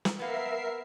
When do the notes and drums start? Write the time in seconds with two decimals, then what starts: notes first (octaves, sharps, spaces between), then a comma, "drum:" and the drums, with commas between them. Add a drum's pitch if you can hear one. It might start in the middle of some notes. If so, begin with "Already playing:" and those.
0.05 drum: snare
0.19 A#3 B3 A#4 E5 C7